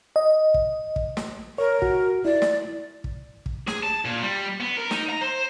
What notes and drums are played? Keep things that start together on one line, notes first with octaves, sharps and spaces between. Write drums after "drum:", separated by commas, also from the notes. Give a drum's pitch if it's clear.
D#5
drum: kick
drum: kick
drum: snare
A#4 C#5
F#4, drum: kick
E4 D5
drum: snare
drum: kick
drum: kick
G#4, drum: snare
A5
A#2
G3
B3
A#4
D#4, drum: snare
A#5
C5